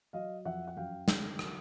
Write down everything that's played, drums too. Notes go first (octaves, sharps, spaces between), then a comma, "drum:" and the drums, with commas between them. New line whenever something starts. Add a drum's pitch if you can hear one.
F#3 D#5 F5
F2 E5 F#5
F#5
F#2 F5 G5
D3, drum: snare
F#3, drum: rim click